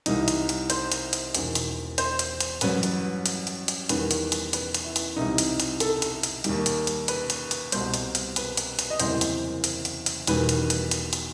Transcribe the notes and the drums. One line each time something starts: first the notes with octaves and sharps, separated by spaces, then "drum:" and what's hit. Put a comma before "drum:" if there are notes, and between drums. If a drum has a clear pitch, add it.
C2 C3 E3 G3 D#4, drum: hi-hat
drum: hi-hat
drum: hi-hat
C5, drum: hi-hat
drum: hi-hat
drum: hi-hat
E1 E2 D#3, drum: hi-hat
drum: hi-hat
C5, drum: hi-hat
drum: hi-hat
drum: hi-hat
A1 G2 F#3 B4, drum: hi-hat
drum: hi-hat
drum: hi-hat
drum: hi-hat
drum: hi-hat
E2 D#3 G3 B4, drum: hi-hat
drum: hi-hat
drum: hi-hat
B4, drum: hi-hat
drum: hi-hat
E4
drum: hi-hat
C2 C3 E3 G3 D#4
drum: hi-hat
drum: hi-hat
A4, drum: hi-hat
drum: hi-hat
drum: hi-hat
D#2 D#3 G3, drum: hi-hat
drum: hi-hat
drum: hi-hat
B4, drum: hi-hat
drum: hi-hat
drum: hi-hat
C2 B2 G3 C5, drum: hi-hat
drum: hi-hat
drum: hi-hat
B4, drum: hi-hat
drum: hi-hat
drum: hi-hat
D#5
F#1 E2 C3 E3 G3 C5, drum: hi-hat
drum: hi-hat
drum: hi-hat
drum: hi-hat
drum: hi-hat
E1 E2 D#3 G3 B4, drum: hi-hat
drum: hi-hat
drum: hi-hat
drum: hi-hat
drum: hi-hat